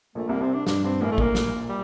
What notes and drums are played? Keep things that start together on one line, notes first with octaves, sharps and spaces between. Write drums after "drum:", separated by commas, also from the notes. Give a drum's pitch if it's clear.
A#1 A#2 A3
C2 C3 A#3
C2 C3 C4
D4
G2 D4, drum: snare
G2 C4
A1 A2 A#3
A3
A#1 A#2 A#3, drum: kick A1
drum: snare
G3